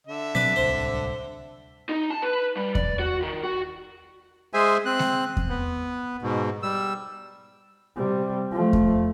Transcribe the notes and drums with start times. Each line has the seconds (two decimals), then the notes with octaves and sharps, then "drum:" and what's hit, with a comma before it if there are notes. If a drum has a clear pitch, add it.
0.07 D3 E5
0.35 B2 F#3 C4 B4 D5 B6
0.56 D1 C2 C5
1.89 D#4
2.10 A5
2.22 B4
2.56 G3
2.75 D5, drum: kick E2
2.99 F#4
3.22 D#3
3.43 F#4
4.53 G#3 G#4 C5 E5 G#5
4.86 C4 F#6
4.99 drum: snare G#3
5.37 drum: kick E2
5.49 B3
6.22 G#2 B2
6.63 G3 E6
7.96 C3 G3
8.51 F3 A3
8.73 drum: kick E2